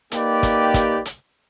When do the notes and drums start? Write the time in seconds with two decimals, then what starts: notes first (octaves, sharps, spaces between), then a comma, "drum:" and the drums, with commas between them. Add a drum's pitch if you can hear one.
0.12 A#3 D#4 G4 B4 D5, drum: hi-hat
0.43 drum: kick, hi-hat
0.74 drum: kick, hi-hat
1.05 drum: hi-hat